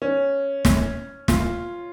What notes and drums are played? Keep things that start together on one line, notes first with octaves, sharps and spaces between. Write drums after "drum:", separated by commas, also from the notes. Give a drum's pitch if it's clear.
C#4
drum: snare
F4, drum: snare